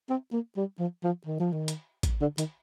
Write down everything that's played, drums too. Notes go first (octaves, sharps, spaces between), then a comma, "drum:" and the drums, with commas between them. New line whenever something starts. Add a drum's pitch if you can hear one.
C4
A#3
G3
F3
F3
D#3
F3
D#3
drum: hi-hat
drum: kick, hi-hat
D3
D#3, drum: hi-hat